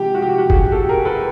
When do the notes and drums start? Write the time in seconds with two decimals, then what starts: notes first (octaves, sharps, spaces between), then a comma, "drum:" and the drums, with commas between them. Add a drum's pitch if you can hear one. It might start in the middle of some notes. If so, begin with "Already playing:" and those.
Already playing: C3 F3 G#3 G4
0.15 F#4
0.22 G4
0.38 F#4
0.50 G#4, drum: kick
0.55 G4
0.72 G4 A4
0.89 G#4 A#4
1.05 A4 B4